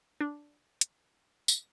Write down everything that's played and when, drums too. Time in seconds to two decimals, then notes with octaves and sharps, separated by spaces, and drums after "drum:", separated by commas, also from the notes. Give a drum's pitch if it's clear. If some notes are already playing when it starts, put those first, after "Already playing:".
0.21 D4
0.81 drum: hi-hat
1.48 drum: tambourine